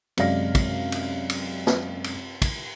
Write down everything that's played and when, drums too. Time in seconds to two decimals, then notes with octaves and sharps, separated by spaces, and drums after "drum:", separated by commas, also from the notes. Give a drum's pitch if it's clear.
0.17 F#2 C3 G#3 D5 F5 A#6, drum: cymbal
0.55 drum: kick, cymbal
0.92 drum: cymbal
1.30 drum: cymbal
1.67 drum: snare
2.04 drum: cymbal
2.42 drum: kick, cymbal